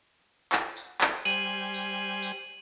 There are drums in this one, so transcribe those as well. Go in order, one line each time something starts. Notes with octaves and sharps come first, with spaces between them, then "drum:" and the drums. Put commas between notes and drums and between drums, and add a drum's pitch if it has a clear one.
drum: clap
drum: tambourine
drum: clap
G3 C5 G#5 D#7 F#7, drum: tambourine
drum: tambourine
drum: tambourine